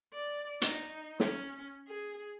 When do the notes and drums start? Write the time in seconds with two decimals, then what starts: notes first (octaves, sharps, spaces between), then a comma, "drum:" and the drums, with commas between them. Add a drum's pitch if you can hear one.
0.13 D5
0.62 D#4, drum: hi-hat
1.20 C#4, drum: snare
1.88 G#4